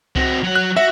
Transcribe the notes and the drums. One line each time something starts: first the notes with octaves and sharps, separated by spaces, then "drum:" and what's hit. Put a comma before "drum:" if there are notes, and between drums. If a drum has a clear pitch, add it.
C4 F#4, drum: kick C2
F#3 F#5
F#6
F#4 E5